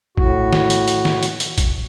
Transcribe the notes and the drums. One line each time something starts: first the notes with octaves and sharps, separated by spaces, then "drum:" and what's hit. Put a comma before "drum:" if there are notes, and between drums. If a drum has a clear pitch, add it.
A2 F#4, drum: kick
drum: snare
drum: hi-hat
drum: hi-hat
drum: snare
drum: hi-hat
drum: hi-hat
drum: kick, hi-hat